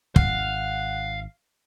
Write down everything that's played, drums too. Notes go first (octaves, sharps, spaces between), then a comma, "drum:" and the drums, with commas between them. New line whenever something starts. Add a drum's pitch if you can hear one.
G#1 F5 F#5, drum: kick